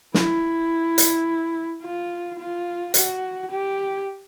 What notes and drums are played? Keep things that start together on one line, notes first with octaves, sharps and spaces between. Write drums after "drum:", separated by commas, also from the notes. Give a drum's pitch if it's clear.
E4, drum: snare
drum: hi-hat
F4
F4
F#4, drum: hi-hat
G4